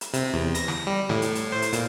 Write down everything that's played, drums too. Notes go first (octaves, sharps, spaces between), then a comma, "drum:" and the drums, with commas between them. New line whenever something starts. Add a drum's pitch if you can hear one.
drum: hi-hat
C3, drum: hi-hat
E2
A#6, drum: hi-hat
drum: snare
G3
A2, drum: snare
drum: hi-hat
drum: hi-hat
C5
drum: hi-hat
A#2, drum: hi-hat